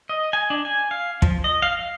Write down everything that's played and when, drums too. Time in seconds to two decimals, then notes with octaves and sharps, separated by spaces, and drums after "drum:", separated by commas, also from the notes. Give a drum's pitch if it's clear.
0.09 D#5
0.33 G#5
0.50 D4
0.65 G#5
0.91 F5
1.22 F3, drum: kick
1.44 D#5
1.62 F5
1.79 F5